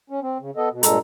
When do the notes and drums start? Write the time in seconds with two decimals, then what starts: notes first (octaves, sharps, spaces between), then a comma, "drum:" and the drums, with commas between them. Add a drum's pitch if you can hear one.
0.10 C#4
0.22 C4
0.40 C#3
0.56 B3 A4 D#5
0.71 B2
0.83 G2 A#2 G#3 A4 A#5, drum: hi-hat